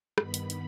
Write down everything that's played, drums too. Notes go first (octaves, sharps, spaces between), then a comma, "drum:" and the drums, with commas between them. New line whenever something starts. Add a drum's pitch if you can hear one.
G2 D#3 B3 B5, drum: rim click
drum: hi-hat
drum: hi-hat